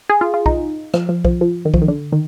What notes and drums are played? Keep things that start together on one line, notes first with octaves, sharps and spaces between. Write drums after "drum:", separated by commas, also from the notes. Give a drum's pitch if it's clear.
G#4
F4
F4
D#4, drum: kick
F3, drum: rim click
F3
F3, drum: kick
F3
D#3
F3, drum: kick
D#3
D3
D#3